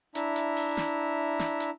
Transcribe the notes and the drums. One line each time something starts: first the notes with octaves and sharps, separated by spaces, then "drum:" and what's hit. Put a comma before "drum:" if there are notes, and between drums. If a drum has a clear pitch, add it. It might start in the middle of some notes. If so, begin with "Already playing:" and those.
D4 E4 E5 A#5, drum: hi-hat
drum: hi-hat
drum: open hi-hat
drum: snare
drum: snare
drum: hi-hat